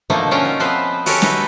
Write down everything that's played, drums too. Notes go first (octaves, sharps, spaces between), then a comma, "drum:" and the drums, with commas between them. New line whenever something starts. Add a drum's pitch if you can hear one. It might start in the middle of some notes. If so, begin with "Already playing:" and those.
B2 D3 F3 A3 A#3 D#4
C#4 F4 E5 F#5 G5 A#5
D#4
F3 B3 C4 B4 C5
F#4 G4 A4 A#4 C#5 G#5, drum: open hi-hat
D#4 A4 B4 D#5 E5, drum: snare